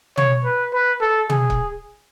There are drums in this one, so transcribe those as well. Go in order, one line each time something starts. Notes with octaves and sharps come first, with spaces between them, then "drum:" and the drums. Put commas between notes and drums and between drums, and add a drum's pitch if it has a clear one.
C#5, drum: tom
B4
B4
A4
G#4, drum: tom
drum: kick